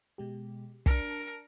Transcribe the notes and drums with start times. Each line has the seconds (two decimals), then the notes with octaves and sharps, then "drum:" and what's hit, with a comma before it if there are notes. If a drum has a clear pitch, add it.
0.18 B2 G#3 G4
0.86 D4 A#4 A5 C#7, drum: kick